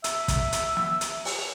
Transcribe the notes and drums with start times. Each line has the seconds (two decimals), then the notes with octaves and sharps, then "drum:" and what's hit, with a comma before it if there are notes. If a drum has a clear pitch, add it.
0.04 E5, drum: hi-hat
0.28 drum: kick, hi-hat
0.52 drum: hi-hat
0.77 drum: snare
1.01 drum: hi-hat
1.25 drum: open hi-hat